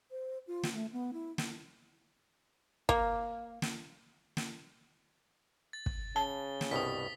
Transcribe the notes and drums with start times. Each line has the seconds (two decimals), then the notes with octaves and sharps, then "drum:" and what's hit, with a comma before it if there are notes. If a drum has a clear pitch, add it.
0.11 C5
0.47 F4
0.63 drum: snare
0.73 A3
0.93 B3
1.13 E4
1.38 drum: snare
2.89 A#3, drum: kick
3.62 drum: snare
4.37 drum: snare
5.73 A6
5.86 drum: kick
6.16 C#3 A5 G7
6.61 drum: snare
6.71 C2 G2 B2 D#6 B6